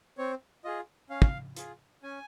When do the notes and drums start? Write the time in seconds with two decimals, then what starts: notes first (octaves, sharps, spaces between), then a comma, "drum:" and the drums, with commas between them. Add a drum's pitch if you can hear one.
0.18 C4 C#5
0.65 F4 G#4 D#5
1.10 C#4 F5
1.22 drum: kick
1.56 F4 G#4, drum: hi-hat
2.03 C#4 G#5